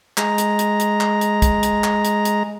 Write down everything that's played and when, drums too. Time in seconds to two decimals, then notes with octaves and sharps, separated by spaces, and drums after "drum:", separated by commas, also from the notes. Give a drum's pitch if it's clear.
0.17 G#3 A#5, drum: clap
0.38 drum: hi-hat
0.59 drum: hi-hat
0.80 drum: hi-hat
1.01 drum: clap
1.21 drum: hi-hat
1.42 drum: kick, hi-hat
1.63 drum: hi-hat
1.84 drum: clap
2.05 drum: hi-hat
2.25 drum: hi-hat